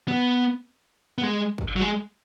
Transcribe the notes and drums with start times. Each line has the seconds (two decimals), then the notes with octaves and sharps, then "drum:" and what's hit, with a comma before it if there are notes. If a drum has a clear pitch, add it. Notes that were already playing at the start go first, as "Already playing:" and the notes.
0.08 B3
1.18 B3
1.23 G#3
1.58 drum: kick
1.76 F#3
1.81 G#3